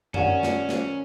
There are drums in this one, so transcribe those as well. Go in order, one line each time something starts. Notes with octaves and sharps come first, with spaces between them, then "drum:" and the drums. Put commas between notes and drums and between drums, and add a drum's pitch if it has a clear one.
D#3 C#4 G4 D5 F#5 E7, drum: tom F#2
drum: snare
drum: snare